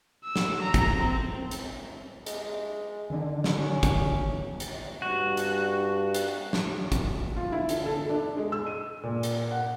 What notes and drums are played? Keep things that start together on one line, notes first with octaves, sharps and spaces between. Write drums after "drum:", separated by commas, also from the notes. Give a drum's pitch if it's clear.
E6
drum: snare
A#5
drum: kick, hi-hat
C4
drum: hi-hat
G#3, drum: hi-hat
D3 D#3 D4
drum: snare
C#4
drum: kick, hi-hat
drum: hi-hat
G2 F#4
drum: hi-hat
drum: hi-hat
drum: snare
drum: kick, hi-hat
F4
E4
D3, drum: hi-hat
A4
D4
G#3
E6
D#7
A#2
drum: hi-hat
F#5